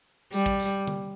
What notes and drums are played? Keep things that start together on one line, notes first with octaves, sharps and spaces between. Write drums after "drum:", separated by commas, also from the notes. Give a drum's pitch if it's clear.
G3, drum: tambourine
drum: kick
drum: tambourine
drum: tom D3